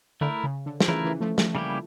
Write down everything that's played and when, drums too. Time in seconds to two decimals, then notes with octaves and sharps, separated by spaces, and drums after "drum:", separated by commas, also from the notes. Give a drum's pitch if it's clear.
0.21 D3 A3 E4 A#4
0.44 C#3
0.66 D3
0.80 F3, drum: snare
0.88 C#3 E3 A3 E4 A#4
1.04 C#3 E3
1.21 F3 A3
1.38 F3 A3, drum: snare
1.55 C#3 G3 A#3 E4 G4